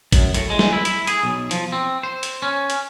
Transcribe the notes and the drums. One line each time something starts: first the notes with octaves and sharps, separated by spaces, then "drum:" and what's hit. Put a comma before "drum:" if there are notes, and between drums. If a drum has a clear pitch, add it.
F#2, drum: kick G#1, hi-hat
A2, drum: hi-hat
G#3
drum: snare
E4
E4, drum: hi-hat
G#4, drum: hi-hat
B1
F3, drum: hi-hat
C4
C5
drum: hi-hat
C#4
drum: hi-hat